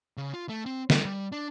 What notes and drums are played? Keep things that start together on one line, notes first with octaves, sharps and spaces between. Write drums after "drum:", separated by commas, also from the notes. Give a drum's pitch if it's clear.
C#3
F4
A3
C4
G3, drum: snare
G3
D4